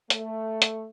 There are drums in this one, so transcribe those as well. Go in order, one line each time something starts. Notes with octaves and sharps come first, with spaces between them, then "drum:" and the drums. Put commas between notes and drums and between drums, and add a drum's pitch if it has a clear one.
A3, drum: hi-hat
drum: hi-hat